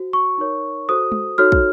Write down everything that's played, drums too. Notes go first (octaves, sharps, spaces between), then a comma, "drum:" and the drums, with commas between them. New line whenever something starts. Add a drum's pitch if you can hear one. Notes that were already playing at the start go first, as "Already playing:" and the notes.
Already playing: F#4 C5
C#6
D#4 A#4 C#5
F#4 A4 C5 D#6
drum: tom G#3
D#4 F#4 A4 C#5 F6
drum: kick